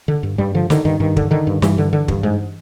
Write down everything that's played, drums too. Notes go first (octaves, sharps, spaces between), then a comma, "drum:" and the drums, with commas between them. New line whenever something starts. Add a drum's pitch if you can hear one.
D3
G2
G2 G3
D3 F3
D3 D#3, drum: snare
G2 D#3
G2 D#3
D3, drum: kick
D3 D#3
G2
G2 E3, drum: snare
D3
D3
G2, drum: kick
G#2